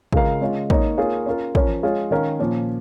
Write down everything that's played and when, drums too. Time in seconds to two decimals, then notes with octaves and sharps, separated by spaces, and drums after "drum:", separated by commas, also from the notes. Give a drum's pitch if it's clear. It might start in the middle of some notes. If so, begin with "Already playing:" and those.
0.13 C#3 G#3 F4 A#4 F5, drum: kick
0.41 G#3 C#4 F4
0.70 A#3 D#4 C#5, drum: kick
0.98 A#3 F4 G#4 C#5
1.26 C#4 F4 A#4
1.55 F3 C#4 A#4 C#5, drum: kick
1.83 G#3 F4 G#4 C#5
2.11 D#3 C#4 A#4 F5
2.39 A#2 F3 C#4